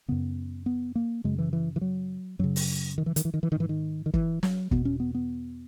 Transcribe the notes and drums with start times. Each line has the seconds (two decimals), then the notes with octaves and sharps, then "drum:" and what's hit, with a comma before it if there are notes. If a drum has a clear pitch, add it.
0.08 F#2 C#3 B3
0.66 B3
0.95 A#3
1.24 F#2 C#3 G#3
1.39 E3
1.53 E3
1.76 E3
1.81 F#3
2.39 F#2 C#3 F#3
2.56 drum: open hi-hat
2.98 D#3
3.06 E3
3.16 D#3, drum: hi-hat
3.25 E3
3.34 D#3
3.43 E3
3.52 D#3
3.56 G#2 E3
3.69 D#3
4.06 D#3
4.14 E3, drum: kick
4.43 F#3, drum: snare
4.71 E2 B2 B3, drum: kick
4.85 C#4
5.00 B3
5.15 B3